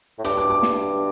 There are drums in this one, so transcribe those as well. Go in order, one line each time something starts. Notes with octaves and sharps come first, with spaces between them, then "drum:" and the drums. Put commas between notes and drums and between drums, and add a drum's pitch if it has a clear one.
A2
G2 D6, drum: hi-hat
D6
D6
drum: snare